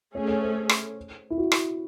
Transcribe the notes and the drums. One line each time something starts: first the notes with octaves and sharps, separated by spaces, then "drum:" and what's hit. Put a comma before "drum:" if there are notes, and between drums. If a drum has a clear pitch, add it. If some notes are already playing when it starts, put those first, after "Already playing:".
A3 C#4 G#4 C#5
C#5
C5
drum: rim click
E4
F#4
drum: rim click